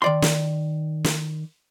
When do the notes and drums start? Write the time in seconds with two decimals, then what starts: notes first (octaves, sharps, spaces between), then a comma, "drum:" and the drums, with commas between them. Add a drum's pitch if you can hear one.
0.02 D#3 D5 C6
0.22 drum: snare
1.04 drum: snare